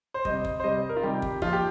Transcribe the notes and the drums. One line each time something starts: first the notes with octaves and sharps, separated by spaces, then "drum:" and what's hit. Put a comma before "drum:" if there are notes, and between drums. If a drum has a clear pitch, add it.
C5
C3 G3 D#5, drum: kick
drum: kick
C5
C3 G3 D#5
A#4
F4
C3 D#3 G3 G4
drum: kick
A#2 F3 F4, drum: kick
G4